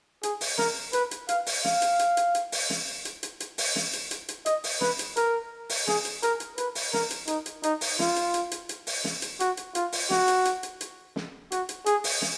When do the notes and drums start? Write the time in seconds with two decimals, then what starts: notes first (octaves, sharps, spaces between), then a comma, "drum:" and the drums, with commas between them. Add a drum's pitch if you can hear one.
0.23 G#4, drum: hi-hat
0.41 drum: open hi-hat
0.58 A#4, drum: snare
0.93 B4, drum: hi-hat
1.11 drum: hi-hat
1.29 F5, drum: hi-hat
1.46 drum: open hi-hat
1.65 F5, drum: snare
1.82 drum: hi-hat
1.99 drum: hi-hat
2.17 drum: hi-hat
2.35 drum: hi-hat
2.52 drum: open hi-hat
2.70 drum: snare
3.05 drum: hi-hat
3.23 drum: hi-hat
3.40 drum: hi-hat
3.58 drum: open hi-hat
3.76 drum: snare
3.93 drum: hi-hat
4.11 drum: hi-hat
4.28 drum: hi-hat
4.46 D#5, drum: hi-hat
4.64 drum: open hi-hat
4.81 B4, drum: snare
4.99 drum: hi-hat
5.17 A#4, drum: hi-hat
5.69 drum: open hi-hat
5.88 G#4, drum: snare
6.05 drum: hi-hat
6.23 A#4, drum: hi-hat
6.40 drum: hi-hat
6.58 B4, drum: hi-hat
6.75 drum: open hi-hat
6.93 A#4, drum: snare
7.10 drum: hi-hat
7.28 D#4, drum: hi-hat
7.46 drum: hi-hat
7.63 D#4, drum: hi-hat
7.81 drum: open hi-hat
7.99 F4, drum: snare
8.16 drum: hi-hat
8.34 drum: hi-hat
8.51 drum: hi-hat
8.69 drum: hi-hat
8.87 drum: open hi-hat
9.04 drum: snare
9.22 drum: hi-hat
9.40 F#4, drum: hi-hat
9.57 drum: hi-hat
9.75 F4, drum: hi-hat
9.92 drum: open hi-hat
10.10 F#4, drum: snare
10.28 drum: hi-hat
10.45 drum: hi-hat
10.63 drum: hi-hat
10.81 drum: hi-hat
11.16 drum: snare
11.52 F#4, drum: hi-hat
11.69 drum: hi-hat
11.86 G#4, drum: hi-hat
12.04 drum: open hi-hat
12.22 drum: snare